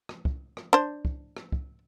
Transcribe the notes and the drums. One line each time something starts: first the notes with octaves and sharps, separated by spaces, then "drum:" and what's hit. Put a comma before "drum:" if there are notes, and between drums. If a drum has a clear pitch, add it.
drum: rim click
drum: kick
drum: rim click
D4 C5
drum: kick
drum: rim click
drum: kick